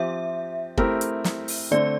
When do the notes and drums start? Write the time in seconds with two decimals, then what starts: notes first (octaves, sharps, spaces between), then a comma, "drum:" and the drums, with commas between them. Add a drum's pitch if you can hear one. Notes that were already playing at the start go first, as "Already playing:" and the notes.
Already playing: F3 C4 G4 E5
0.77 A3 C4 E4 G4 A#4, drum: kick
1.01 drum: hi-hat
1.24 drum: snare
1.48 drum: open hi-hat
1.71 D3 A3 C4 D5